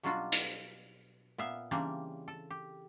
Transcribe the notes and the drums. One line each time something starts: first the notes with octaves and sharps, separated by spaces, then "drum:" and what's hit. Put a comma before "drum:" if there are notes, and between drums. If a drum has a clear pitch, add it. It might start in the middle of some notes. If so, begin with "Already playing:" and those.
B2 F#3 G3 D4 F4 F#4
drum: hi-hat
A#2 B3 E5 F5
C#3 E3 G3 A#3 C4 D4
A4
G4